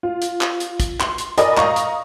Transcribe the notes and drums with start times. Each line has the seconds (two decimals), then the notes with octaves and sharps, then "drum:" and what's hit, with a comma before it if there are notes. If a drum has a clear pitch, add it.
0.03 F4
0.22 drum: hi-hat
0.41 drum: clap
0.60 drum: hi-hat
0.80 drum: kick, hi-hat
1.00 C6, drum: clap
1.18 drum: hi-hat
1.38 A#4 D5 D#5 G#5 B5, drum: hi-hat
1.57 D#5 F5 A#5 C#6 D#6, drum: clap
1.76 drum: hi-hat